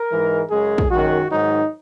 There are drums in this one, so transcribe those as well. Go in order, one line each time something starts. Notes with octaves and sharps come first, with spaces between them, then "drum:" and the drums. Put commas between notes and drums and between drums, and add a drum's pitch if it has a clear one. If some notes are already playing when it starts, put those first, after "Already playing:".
Already playing: A#4
G#2 E3 G#3
F#2 C#3 G#3 G#4
drum: kick
F#2 D#3 G#3 F#4
G#2 D#3 F#3 D#4